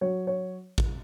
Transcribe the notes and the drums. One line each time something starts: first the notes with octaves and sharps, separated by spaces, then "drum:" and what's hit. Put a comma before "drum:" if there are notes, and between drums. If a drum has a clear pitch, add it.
F#3 C#5
C#5
drum: kick A1